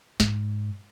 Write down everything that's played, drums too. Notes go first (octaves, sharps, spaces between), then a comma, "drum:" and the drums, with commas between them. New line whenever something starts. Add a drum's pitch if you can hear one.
G#2, drum: snare